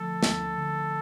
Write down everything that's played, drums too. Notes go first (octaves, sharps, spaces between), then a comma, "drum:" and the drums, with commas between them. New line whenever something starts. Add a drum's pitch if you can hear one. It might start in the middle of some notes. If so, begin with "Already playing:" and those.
Already playing: D3 F3 A3 A4
C#4, drum: snare
D3